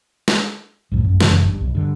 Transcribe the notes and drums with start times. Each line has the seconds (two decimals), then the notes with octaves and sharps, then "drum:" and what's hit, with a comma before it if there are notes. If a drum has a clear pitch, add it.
0.28 drum: snare
0.92 C2 F#2 A2 F3
1.04 A1 F#2
1.21 F#2 C#3 E3, drum: snare
1.43 G1 G2
1.61 B1
1.75 G2 D3